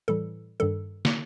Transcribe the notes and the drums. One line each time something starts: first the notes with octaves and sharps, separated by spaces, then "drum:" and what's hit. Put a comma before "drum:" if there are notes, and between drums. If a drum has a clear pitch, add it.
A2 E3 G3 A4
G2 D#3 G3 A4
drum: snare